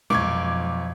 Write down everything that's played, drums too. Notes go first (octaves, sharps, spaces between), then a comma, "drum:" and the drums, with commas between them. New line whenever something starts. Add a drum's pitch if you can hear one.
B1 F2 C#6 D6 G#6, drum: tom G#3